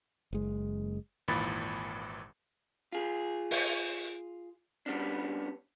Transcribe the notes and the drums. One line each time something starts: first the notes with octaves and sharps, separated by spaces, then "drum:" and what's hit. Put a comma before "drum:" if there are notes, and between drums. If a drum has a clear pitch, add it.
F#1 G#3
G#1 D#2 A#2 E3 B5 A6
F4 G#4
drum: open hi-hat
G3 B3 C#4 D4